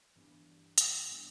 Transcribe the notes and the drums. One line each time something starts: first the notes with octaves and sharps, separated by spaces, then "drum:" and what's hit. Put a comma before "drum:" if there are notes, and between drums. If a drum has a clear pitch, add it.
G2 E3 G3 B3 D4
drum: hi-hat
E3 G3 B3 D4